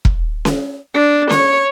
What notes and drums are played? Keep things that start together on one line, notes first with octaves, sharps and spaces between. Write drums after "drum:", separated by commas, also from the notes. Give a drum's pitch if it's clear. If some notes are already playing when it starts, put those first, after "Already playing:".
drum: kick E1
drum: snare C#4
D4
C#5, drum: snare C#4